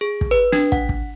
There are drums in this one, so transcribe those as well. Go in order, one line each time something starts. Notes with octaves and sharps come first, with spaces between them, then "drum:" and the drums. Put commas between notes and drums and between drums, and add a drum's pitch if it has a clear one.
G#4
drum: kick
B4
D4, drum: snare
F#5, drum: kick
drum: kick